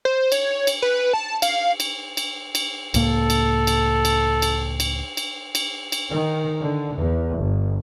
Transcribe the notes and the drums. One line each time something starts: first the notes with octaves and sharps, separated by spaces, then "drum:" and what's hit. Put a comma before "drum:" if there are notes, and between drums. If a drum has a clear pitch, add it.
C5
C#5, drum: cymbal
drum: cymbal
B4
A5
F5, drum: cymbal
drum: cymbal
drum: cymbal
drum: cymbal
C#2 A2 A#3 A4, drum: cymbal
drum: cymbal
drum: cymbal
drum: cymbal
drum: cymbal
drum: cymbal
drum: cymbal
drum: cymbal
drum: cymbal
D#3
D3
E2
G1